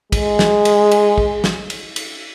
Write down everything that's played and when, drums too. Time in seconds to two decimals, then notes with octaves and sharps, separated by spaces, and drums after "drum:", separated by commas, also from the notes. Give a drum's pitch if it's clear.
0.12 G#3, drum: kick, cymbal
0.39 drum: snare
0.65 drum: cymbal
0.91 drum: cymbal
1.18 drum: kick
1.44 drum: snare
1.70 drum: cymbal
1.96 drum: cymbal